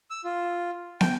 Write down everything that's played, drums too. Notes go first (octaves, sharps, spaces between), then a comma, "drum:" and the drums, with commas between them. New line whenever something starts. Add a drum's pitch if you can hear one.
E6
F4
G5, drum: snare